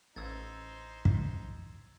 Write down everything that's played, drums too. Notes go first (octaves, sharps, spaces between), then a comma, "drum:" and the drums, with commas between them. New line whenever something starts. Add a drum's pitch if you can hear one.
A1 D#4 C5 E6 G#6 A6
drum: kick